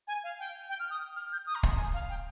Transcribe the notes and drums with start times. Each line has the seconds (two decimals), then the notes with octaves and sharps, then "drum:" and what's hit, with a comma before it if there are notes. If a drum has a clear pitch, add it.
0.08 G#5
0.24 F5
0.39 G5
0.69 G5
0.80 F6
0.90 D#6
1.16 F6
1.32 G6
1.47 D#6
1.55 A#5
1.63 C6, drum: kick
1.73 A#5
1.78 G#5
1.94 F5
2.09 G5